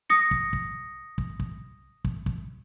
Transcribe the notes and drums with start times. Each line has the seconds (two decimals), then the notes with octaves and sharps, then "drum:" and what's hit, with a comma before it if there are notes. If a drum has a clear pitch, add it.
0.10 D#6 A#6 C#7
0.31 drum: kick
0.53 drum: kick
1.18 drum: kick
1.40 drum: kick
2.05 drum: kick
2.26 drum: kick